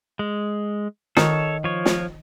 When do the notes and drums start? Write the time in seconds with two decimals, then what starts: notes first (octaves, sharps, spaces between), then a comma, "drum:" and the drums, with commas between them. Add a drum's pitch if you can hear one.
0.19 G#3
1.17 D#3 A4 C#5, drum: snare
1.64 F3 C#5
1.85 drum: snare